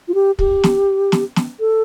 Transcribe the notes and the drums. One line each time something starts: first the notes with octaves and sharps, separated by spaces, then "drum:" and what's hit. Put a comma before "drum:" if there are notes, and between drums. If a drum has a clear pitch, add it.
F4
G4
G4, drum: kick
drum: snare
drum: snare
drum: snare
A4